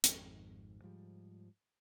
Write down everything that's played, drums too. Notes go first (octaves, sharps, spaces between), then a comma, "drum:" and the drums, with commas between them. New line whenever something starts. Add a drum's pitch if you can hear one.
G#1 F2 G#2, drum: hi-hat
G#2 F3 G3